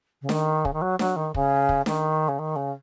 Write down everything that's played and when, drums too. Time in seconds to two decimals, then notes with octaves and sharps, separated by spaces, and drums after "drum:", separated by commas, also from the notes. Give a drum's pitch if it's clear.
0.22 C#3
0.29 D#3, drum: snare D4
0.65 C#3, drum: kick
0.73 D#3
0.81 F#3
0.99 F#3, drum: snare D4
1.16 D#3
1.34 C#3, drum: kick
1.69 drum: kick
1.86 D#3, drum: snare D4
2.28 C#3
2.39 D#3
2.56 C#3